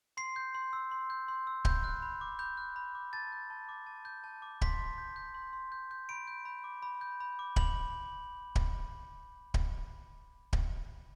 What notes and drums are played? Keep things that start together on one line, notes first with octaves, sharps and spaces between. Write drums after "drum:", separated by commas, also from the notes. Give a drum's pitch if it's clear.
C6 C7
G6
C6
E6
C6
G6
C6
E6
B5 G6, drum: kick D1
F#6
B5
D6
B5 G6
F#6
B5
D6
A5 A6
G6
A5
D6
A5
G6
A5
D6
C6 B6, drum: kick D1
C6
G6
G6
C6
C6
G6
G6
B5 D7
G6
B5
D6
B5
G6
B5
D6
B5 F#7, drum: kick D1
drum: kick D1
drum: kick D1
drum: kick D1